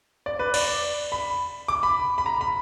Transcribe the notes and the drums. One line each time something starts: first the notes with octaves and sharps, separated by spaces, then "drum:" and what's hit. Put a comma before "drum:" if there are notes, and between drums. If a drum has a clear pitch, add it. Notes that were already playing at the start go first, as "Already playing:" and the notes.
D5
B4
D5, drum: cymbal
B5
D6
B5
B5
A#5
B5